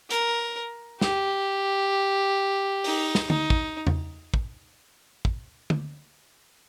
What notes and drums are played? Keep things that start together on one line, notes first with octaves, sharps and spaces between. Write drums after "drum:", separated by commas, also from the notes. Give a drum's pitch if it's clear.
A#4, drum: hi-hat
G4, drum: snare
D#4, drum: open hi-hat
drum: snare
D#4, drum: tom
drum: kick
drum: tom E2
drum: kick
drum: kick
drum: tom